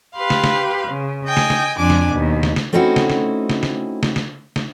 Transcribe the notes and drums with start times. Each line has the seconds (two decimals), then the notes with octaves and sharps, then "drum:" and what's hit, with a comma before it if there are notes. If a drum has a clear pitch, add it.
0.14 G4 B4 F5 C6
0.30 drum: snare
0.44 drum: snare
0.89 C#3
1.26 D#5 G5 G#5
1.37 drum: snare
1.50 drum: snare
1.77 F2 F3 D4 G#5 D6
1.90 drum: snare
2.10 D#2 B2
2.43 drum: snare
2.56 drum: snare
2.73 A3 C4 C#4 D#4 E4 F#4
2.96 drum: snare
3.10 drum: snare
3.50 drum: snare
3.63 drum: snare
4.03 drum: snare
4.16 drum: snare
4.56 drum: snare